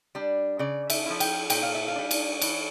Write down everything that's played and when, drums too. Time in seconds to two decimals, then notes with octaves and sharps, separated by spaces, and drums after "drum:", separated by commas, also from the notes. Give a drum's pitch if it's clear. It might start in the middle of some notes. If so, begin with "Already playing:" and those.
0.15 G3 D4
0.59 C#3 D5
0.90 E5, drum: cymbal
1.06 F3 C#4 E4
1.20 G5, drum: cymbal
1.50 A#2 G5, drum: cymbal
1.63 F5
1.75 E5
1.88 F5
1.96 G3 D4
2.11 drum: cymbal
2.42 E3, drum: cymbal